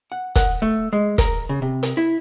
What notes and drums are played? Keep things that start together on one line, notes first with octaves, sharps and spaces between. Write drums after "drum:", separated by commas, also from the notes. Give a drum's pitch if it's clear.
F#5
F#5, drum: kick, hi-hat
A3
G#3
A#4, drum: kick, hi-hat
C#3
C3
drum: hi-hat
E4